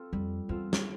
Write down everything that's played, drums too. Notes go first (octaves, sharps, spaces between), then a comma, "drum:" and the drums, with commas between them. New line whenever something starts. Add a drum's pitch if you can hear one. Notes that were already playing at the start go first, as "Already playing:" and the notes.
Already playing: C4 F4 A4
F2 G3
E2 C4 F4 A4
drum: snare